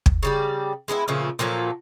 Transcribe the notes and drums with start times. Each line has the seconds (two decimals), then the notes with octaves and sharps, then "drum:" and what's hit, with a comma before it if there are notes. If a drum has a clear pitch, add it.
0.06 drum: kick
0.23 C#3 G3 D5
0.88 G#3 B3 D4 E4
1.08 A#2 C#3 F3 A3
1.39 A#2 F3 F#3 A4